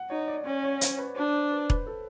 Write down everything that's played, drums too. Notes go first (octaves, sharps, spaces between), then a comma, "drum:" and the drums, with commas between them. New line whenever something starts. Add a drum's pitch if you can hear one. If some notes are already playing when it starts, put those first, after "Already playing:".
Already playing: F#5
D#4 C#5
D5
C#4 C#5
C#5
C5, drum: hi-hat
B4
D4 C5
C5
B4
B4, drum: kick E1
A4